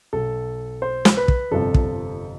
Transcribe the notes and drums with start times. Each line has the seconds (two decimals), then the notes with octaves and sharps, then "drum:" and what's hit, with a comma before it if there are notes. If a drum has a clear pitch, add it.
0.13 B1 B2 A4
0.82 C5
1.05 drum: snare
1.17 B4
1.28 drum: kick
1.51 G1 F2 C3 F3 A4
1.74 drum: kick